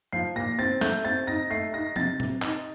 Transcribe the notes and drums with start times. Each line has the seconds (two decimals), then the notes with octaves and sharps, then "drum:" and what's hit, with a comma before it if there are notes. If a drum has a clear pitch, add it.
0.13 F3 C7
0.36 A#2 A#6
0.59 C4 A6
0.81 A3 G6, drum: snare
1.05 C4 A6
1.27 D#4 A#6
1.50 A3 C7
1.73 D#4 A#6
1.96 C3 A6, drum: tom F3
2.20 C3, drum: tom A#2
2.42 D#4, drum: clap